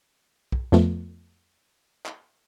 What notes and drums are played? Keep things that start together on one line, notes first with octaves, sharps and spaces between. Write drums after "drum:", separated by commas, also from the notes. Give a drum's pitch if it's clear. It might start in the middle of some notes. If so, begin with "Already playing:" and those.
drum: kick
F2 F3 A3 B3, drum: snare
drum: clap